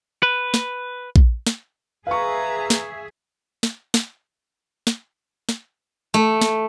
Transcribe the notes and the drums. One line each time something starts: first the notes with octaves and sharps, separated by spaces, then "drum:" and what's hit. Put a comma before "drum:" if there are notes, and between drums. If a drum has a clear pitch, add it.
B4
drum: snare
drum: kick A#1
drum: snare
G#4 B4 E5 F5 A#5 C#6
drum: snare
drum: snare
drum: snare
drum: snare
drum: snare
A3
drum: snare